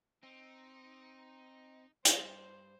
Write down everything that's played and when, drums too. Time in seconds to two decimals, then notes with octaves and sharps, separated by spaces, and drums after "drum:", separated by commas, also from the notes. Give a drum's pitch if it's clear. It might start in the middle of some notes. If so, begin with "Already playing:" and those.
0.23 C4 D#4
2.05 G2 C5, drum: hi-hat